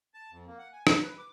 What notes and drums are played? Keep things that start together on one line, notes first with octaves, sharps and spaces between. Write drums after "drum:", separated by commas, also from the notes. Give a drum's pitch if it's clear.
A5
F2
A#3
F#5
G#5
F#6, drum: rim click
B4
D6